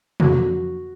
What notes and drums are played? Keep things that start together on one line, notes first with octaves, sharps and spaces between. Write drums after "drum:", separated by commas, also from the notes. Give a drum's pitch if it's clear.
F2 D3 F#3 A#3 F#4, drum: tom